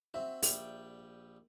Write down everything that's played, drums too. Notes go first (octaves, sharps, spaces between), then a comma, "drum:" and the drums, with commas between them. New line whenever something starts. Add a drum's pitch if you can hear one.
C4 F#4 E5
A#1 G3 G5, drum: open hi-hat